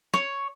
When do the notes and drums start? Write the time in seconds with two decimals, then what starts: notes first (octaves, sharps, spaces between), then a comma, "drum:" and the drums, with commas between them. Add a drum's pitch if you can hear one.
0.14 C#5, drum: snare